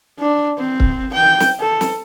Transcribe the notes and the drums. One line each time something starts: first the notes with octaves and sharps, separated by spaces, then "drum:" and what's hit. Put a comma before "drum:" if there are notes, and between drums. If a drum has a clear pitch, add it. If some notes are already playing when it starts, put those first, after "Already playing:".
D4
C4
drum: kick C#1
G5
drum: snare
A4
drum: snare